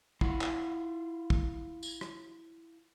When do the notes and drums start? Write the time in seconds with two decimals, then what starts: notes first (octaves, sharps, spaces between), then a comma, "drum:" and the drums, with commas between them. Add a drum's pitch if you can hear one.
0.21 E4 F4 F#5, drum: kick
0.41 drum: clap
1.30 drum: kick
1.83 drum: tambourine
2.01 drum: rim click